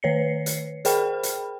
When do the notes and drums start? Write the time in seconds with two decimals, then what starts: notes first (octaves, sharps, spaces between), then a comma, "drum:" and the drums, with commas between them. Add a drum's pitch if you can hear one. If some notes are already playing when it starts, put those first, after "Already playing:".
0.03 D#3 B4 C#5 C7 C#7
0.46 drum: hi-hat
0.85 G#4 A#4 C5 G5 B5 F6, drum: hi-hat
1.23 drum: hi-hat